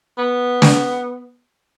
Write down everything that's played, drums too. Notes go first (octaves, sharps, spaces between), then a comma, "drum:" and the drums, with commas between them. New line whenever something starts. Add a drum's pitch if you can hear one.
B3
drum: snare